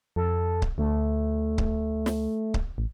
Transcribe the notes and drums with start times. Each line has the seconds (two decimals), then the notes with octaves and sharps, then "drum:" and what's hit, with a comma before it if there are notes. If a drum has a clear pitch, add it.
0.16 F2 A4
0.62 drum: kick C#1
0.78 D2 A3
1.58 drum: kick C#1
2.06 drum: snare
2.54 drum: kick C#1
2.78 A1